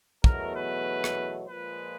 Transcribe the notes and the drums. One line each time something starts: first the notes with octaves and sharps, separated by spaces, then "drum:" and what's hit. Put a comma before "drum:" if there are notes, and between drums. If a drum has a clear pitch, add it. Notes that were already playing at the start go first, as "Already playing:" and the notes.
E2 B2 F#3 A3 A#4, drum: kick
B4
drum: rim click
A#2 F3 G#3 B4